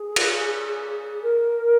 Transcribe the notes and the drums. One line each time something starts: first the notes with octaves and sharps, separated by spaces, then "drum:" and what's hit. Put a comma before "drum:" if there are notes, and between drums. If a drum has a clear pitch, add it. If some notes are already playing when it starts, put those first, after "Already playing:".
Already playing: G#4
drum: cymbal
A#4